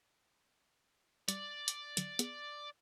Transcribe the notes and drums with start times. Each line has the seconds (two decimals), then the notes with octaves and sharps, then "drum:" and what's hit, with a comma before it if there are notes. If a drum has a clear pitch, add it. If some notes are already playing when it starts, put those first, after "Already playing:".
1.28 G3 D5, drum: hi-hat
1.68 drum: hi-hat
1.97 D3 F#3, drum: hi-hat
2.19 B3 G#4, drum: hi-hat